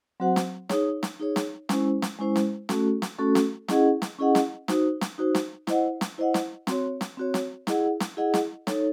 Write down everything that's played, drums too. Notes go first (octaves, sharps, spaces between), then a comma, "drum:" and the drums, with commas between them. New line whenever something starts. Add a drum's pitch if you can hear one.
F#3 C4 F#4 C5 F#5
drum: snare
D#4 G#4 C#5, drum: snare
drum: snare
D#4 G#4 C#5
drum: snare
G#3 C#4 E4 C5, drum: snare
drum: snare
G#3 C#4 E4 C5
drum: snare
A3 C#4 F#4 A4, drum: snare
drum: snare
A3 C#4 F#4 A4
drum: snare
C#4 E4 G#4 D#5 F#5, drum: snare
drum: snare
C#4 E4 G#4 D#5 F#5
drum: snare
D#4 F#4 C5, drum: snare
drum: snare
D#4 F#4 C5
drum: snare
E4 C5 D#5 F#5, drum: snare
drum: snare
E4 C5 D#5 F#5
drum: snare
C4 F#4 C#5, drum: snare
drum: snare
C4 F#4 C#5
drum: snare
E4 G#4 D#5 F#5, drum: snare
drum: snare
E4 G#4 D#5 F#5
drum: snare
D#4 A4 C#5, drum: snare